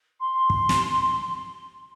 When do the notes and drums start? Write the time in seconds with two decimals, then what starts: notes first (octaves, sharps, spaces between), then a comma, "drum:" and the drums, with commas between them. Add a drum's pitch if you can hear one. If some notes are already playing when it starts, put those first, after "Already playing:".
0.20 C6
0.50 drum: kick
0.69 drum: snare